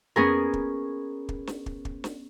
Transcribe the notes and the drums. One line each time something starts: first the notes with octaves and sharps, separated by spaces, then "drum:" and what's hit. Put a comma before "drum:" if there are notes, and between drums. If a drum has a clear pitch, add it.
B3 C#4 G#4 A#4, drum: tom F2
drum: kick
drum: kick
drum: snare
drum: kick
drum: kick
drum: snare